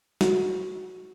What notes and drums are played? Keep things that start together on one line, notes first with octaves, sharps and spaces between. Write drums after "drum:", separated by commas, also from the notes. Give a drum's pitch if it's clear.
F#4, drum: snare